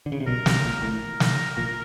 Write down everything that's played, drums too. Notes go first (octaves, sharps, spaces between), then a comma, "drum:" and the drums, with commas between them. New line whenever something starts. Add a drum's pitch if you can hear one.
D3
C#3
C3
B1 B2 A#4
C2 C3, drum: snare
A#1 A#2
A1 A2 A#4
drum: snare
A#1 A#2